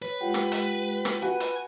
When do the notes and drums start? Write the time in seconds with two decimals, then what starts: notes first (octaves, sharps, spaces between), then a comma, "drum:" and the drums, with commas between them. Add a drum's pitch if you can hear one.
0.02 B4 C#5
0.21 G#3 F4 G4 F#5 G5
0.34 drum: rim click
0.52 drum: hi-hat
1.05 drum: rim click
1.23 F#4 B4 G#5 B5
1.40 drum: hi-hat